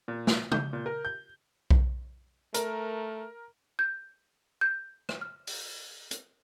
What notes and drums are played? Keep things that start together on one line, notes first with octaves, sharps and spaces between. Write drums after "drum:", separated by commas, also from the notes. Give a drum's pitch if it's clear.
A#2
drum: snare
G6, drum: tom
A#2
A#4
G6
drum: kick B1
A3 A#4, drum: hi-hat
G6
G6
drum: rim click
F6
drum: open hi-hat
drum: hi-hat